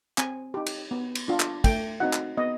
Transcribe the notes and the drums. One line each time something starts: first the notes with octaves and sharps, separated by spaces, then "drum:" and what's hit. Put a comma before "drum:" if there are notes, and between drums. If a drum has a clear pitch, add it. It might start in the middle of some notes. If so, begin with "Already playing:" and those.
C4 G#5, drum: clap
D#4 G4
drum: cymbal
B3
drum: cymbal
D4 F4
drum: clap
A3 G5, drum: kick, cymbal
C4 D#4 F#4 F#5
drum: clap
B3 D#5